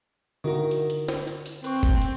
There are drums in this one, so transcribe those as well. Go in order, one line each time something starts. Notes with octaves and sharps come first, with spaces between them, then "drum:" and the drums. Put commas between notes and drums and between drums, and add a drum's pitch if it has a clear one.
D3 D#3 E4 F#4 A#4
drum: hi-hat
drum: hi-hat
drum: snare
drum: hi-hat
drum: hi-hat
C4 B4 C#6, drum: hi-hat
drum: kick F#1, hi-hat
drum: hi-hat